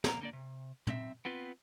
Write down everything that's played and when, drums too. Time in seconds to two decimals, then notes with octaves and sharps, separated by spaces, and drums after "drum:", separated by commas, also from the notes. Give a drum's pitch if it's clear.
0.04 F2 A#3 A#5, drum: snare
0.21 D3 A#3 D5
0.33 C3
0.87 B1 C4 E5, drum: tom
1.25 B3 C4 F4 B4